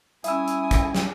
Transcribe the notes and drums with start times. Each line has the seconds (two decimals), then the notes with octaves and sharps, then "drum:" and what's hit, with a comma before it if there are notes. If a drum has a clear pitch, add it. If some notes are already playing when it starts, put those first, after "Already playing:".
0.24 G3 C#4 E4 E5 G#5 D#6 E6, drum: hi-hat
0.48 drum: hi-hat
0.71 drum: kick, hi-hat
0.95 drum: snare